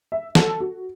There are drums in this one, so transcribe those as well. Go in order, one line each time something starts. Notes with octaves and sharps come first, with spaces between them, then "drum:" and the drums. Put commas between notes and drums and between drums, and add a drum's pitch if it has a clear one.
E5
A4, drum: snare
F#4